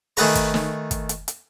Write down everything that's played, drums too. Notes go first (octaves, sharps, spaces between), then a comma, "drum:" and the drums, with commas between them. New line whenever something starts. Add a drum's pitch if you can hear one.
D#3 A3 G#4 B4 A#5 C#6, drum: open hi-hat
drum: kick, hi-hat
drum: snare
drum: kick, hi-hat
drum: hi-hat
drum: hi-hat